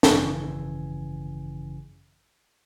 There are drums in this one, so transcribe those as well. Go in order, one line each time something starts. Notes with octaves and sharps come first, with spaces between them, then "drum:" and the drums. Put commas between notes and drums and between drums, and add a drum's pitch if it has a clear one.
G#1 F#2 C#3 E3 G#5, drum: snare